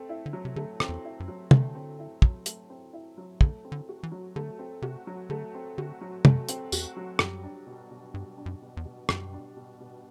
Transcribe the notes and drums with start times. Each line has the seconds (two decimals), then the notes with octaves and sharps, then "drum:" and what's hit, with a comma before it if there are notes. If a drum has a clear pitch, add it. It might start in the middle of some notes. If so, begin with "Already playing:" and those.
Already playing: A3 C4
0.09 E4
0.26 D3
0.33 F#3
0.45 C3
0.56 D3 A3
0.80 C4, drum: rim click
0.89 E2
1.05 E4
1.20 F#2
1.28 F#3
1.51 D3 A3, drum: tom
1.75 C4
1.99 E4
2.22 F#3, drum: kick
2.46 A3, drum: hi-hat
2.70 C4
2.93 E4
3.18 F#3
3.41 D3 A3, drum: kick
3.65 C4
3.72 D3
3.89 F#4
4.03 E3
4.12 F#3
4.36 D3 A3
4.59 C4
4.82 C3 F#4
5.07 F#3
5.30 D3 A3
5.55 C4
5.78 D3 F#4
6.01 F#3
6.25 F#2 A3, drum: tom
6.49 C4, drum: hi-hat
6.72 E2 F#4, drum: tambourine
6.97 F#3
7.19 F#2 G3, drum: rim click
7.44 D4
7.67 B2
7.91 B2
8.14 G2 G3
8.38 D4
8.46 F#2
8.62 B2
8.77 E2
8.85 B2
9.09 F#2 G3, drum: rim click
9.33 D4
9.57 B2
9.80 B2